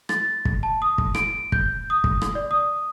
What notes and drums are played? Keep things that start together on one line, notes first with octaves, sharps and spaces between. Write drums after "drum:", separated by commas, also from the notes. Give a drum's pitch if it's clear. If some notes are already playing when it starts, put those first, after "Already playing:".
A6, drum: rim click
drum: kick
A5
D#6
drum: kick
D7, drum: rim click
G6, drum: kick
D#6
drum: kick
drum: rim click
D5
D#6